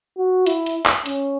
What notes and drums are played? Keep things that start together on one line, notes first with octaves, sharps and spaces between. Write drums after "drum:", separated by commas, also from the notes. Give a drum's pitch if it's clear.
F#4
E4, drum: hi-hat
drum: hi-hat
drum: clap
C#4, drum: hi-hat